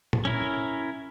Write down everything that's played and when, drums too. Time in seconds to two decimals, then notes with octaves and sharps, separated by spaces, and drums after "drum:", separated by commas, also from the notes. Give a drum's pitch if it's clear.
0.13 drum: tom
0.25 C#4 E4 A#4